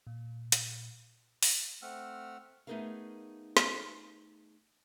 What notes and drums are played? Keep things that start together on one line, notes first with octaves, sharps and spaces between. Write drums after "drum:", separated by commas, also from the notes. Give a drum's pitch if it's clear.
A#2
drum: hi-hat
drum: open hi-hat
A3 C4 F#5 E6 F6
A3 B3 D#4 G#4 A#4 F5
drum: snare